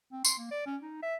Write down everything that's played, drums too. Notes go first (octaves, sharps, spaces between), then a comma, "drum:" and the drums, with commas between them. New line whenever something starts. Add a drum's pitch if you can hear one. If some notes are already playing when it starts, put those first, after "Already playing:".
C4
C6, drum: tambourine
A#3
D5
C#4
D#4
E5